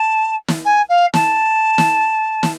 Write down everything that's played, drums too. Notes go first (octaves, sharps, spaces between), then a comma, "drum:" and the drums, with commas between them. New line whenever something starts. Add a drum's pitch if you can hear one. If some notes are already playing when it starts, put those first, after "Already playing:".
Already playing: A5
drum: snare
G#5
F5
A5, drum: snare
drum: snare
drum: snare